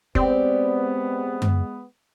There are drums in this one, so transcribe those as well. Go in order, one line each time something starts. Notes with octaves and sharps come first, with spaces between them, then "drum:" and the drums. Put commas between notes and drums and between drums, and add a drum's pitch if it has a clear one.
G#3 B3 C4 G4 D5, drum: kick
drum: tom F#2